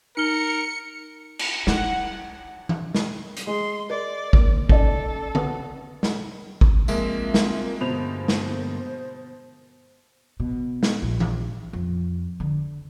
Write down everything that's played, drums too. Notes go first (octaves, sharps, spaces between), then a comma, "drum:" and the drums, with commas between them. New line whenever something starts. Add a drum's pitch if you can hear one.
D#4 A#4 F6 C#7 G7
drum: cymbal
D#4 E4 F#5, drum: snare
drum: tom E3
drum: snare
drum: hi-hat
G#3 C6
A#4 D5 D#5
G#1 A#3 D7, drum: kick G#1
C#4 D#4 A4 D5, drum: kick G#1
B4 F#5 D#6, drum: tom D3
drum: snare
drum: kick G#1
F3 G#3 A#3 C4 F4 A#4 E5, drum: tambourine
drum: snare
G2 B2 D3 C5 F7
drum: snare
B2
drum: snare
A#1
drum: tom E3
F2
D3